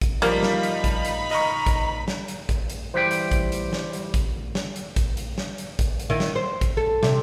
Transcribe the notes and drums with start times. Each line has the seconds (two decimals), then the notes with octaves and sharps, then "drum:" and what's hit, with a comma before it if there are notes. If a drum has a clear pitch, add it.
0.01 drum: kick A1, hi-hat
0.22 F3 G3 A#3 D#4 F5 B5, drum: hi-hat
0.43 drum: snare
0.63 drum: hi-hat
0.84 drum: kick A1, hi-hat
1.05 drum: hi-hat
1.31 D#5 A#5 C#6
1.66 drum: kick A1, hi-hat
2.08 drum: snare
2.28 drum: hi-hat
2.49 drum: kick A1, hi-hat
2.70 drum: hi-hat
2.94 E3 G3 C5 G5 B6
3.11 drum: hi-hat
3.31 drum: kick A1, hi-hat
3.52 drum: hi-hat
3.73 drum: snare
3.93 drum: hi-hat
4.14 drum: kick A1, hi-hat
4.55 drum: snare
4.76 drum: hi-hat
4.96 drum: kick A1, hi-hat
5.17 drum: hi-hat
5.38 drum: snare
5.58 drum: hi-hat
5.79 drum: kick A1, hi-hat
6.00 drum: hi-hat
6.10 D#3 E4
6.20 drum: snare
6.36 C5
6.61 drum: kick A1, hi-hat
6.77 A4
7.03 C3, drum: snare